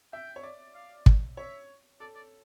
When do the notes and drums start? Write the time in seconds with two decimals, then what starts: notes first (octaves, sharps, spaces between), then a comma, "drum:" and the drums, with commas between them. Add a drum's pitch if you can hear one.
0.13 E5 G5
0.36 C#5
0.43 D5
0.74 F5
1.06 drum: kick
1.37 C#5 E5
2.00 A4 D5
2.15 D5